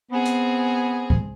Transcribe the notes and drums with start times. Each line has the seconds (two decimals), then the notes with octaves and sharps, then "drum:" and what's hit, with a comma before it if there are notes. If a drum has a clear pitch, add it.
0.11 B3 C4 G#4
0.26 drum: hi-hat
1.10 drum: kick C#2